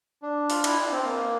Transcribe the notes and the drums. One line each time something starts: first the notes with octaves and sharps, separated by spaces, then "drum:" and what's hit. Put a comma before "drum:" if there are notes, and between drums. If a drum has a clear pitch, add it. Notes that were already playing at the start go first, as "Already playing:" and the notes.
D4
F4, drum: open hi-hat
E4, drum: cymbal
D4
C4
A#3